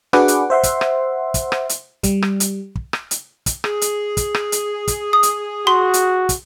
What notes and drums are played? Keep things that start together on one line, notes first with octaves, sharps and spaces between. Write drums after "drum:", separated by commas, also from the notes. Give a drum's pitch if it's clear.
D4 F#4 G#4 B4 F#5 D6, drum: rim click
drum: hi-hat
C5 E5 F#5 C6
drum: kick, hi-hat
drum: rim click
drum: kick, hi-hat
drum: rim click
drum: hi-hat
G3, drum: kick, hi-hat
drum: rim click
drum: hi-hat
drum: kick
drum: rim click
drum: hi-hat
drum: kick, hi-hat
G#4, drum: rim click
drum: hi-hat
drum: kick, hi-hat
drum: rim click
drum: hi-hat
drum: kick, hi-hat
D#6
drum: hi-hat
F#4 C6
drum: hi-hat
drum: kick, hi-hat